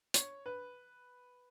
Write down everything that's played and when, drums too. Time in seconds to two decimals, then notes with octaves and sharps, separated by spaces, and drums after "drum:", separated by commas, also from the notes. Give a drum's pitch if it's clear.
0.14 C#5, drum: hi-hat
0.46 B4